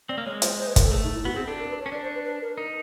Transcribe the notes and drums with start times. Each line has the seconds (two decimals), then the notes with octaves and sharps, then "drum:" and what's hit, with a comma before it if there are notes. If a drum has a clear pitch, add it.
0.09 C4 D5
0.18 A#3
0.26 G#3 C#5
0.42 C5, drum: hi-hat
0.59 C5
0.67 B4
0.76 A#4, drum: kick, hi-hat
0.84 A4
0.92 A3 G#4
1.04 D#4
1.15 E4
1.25 B3 F#4
1.36 C4 G#4
1.47 D4 A4
1.59 A#4
1.69 B4
1.80 C#5
1.86 C#4
1.91 D4 D5
2.03 C5
2.14 B4
2.25 B4
2.42 A#4
2.57 D#4 A#4